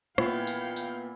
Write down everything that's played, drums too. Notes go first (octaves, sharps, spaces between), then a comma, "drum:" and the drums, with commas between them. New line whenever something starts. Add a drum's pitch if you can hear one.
A#2 B3 E4 F5 G5, drum: rim click
drum: tambourine
drum: tambourine